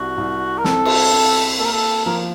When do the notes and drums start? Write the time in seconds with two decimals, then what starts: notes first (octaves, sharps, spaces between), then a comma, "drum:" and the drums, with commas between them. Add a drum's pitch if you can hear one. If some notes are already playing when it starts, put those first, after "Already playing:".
Already playing: C2 F#4
0.18 C2
0.58 A#4
0.64 C4 A4, drum: snare
0.85 drum: cymbal
1.12 C4
1.58 A#3 A4
1.66 A#4
1.73 A4
2.05 F3 A#4